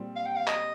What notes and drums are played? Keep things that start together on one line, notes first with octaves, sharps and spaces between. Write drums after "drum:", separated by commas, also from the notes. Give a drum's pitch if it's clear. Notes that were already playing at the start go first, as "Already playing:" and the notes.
Already playing: A#2 G3 C4
F5
G5
F5
D#5, drum: clap